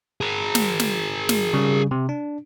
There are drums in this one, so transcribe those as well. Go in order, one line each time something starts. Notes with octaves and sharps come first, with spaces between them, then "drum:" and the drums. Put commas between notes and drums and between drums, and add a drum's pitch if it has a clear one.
G#4 A#4
drum: snare
drum: snare
drum: snare
C#3 G3
C3
D4